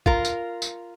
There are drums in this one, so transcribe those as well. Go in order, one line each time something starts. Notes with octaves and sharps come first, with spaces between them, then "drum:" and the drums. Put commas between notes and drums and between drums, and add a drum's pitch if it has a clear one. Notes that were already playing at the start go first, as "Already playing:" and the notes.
F4 A#4, drum: kick
drum: tambourine
drum: tambourine